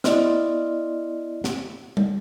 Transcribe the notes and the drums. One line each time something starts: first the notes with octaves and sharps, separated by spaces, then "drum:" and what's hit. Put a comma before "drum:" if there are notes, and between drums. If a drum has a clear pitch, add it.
B3 E4 D5 D#5 C6 F6, drum: snare
drum: snare
drum: tom G3